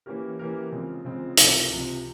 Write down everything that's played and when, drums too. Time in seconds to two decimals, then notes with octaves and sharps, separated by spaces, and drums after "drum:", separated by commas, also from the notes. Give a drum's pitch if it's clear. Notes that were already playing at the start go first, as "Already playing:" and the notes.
0.06 E3 A#3 C#4 G4 A#4
0.39 E3 A#3 C#4 G4 A#4
0.72 C#3 F3 G#3 C4
1.05 C#3 F3 G#3 C4
1.37 C#2 C3 F3, drum: hi-hat
1.70 C#2 C3 F3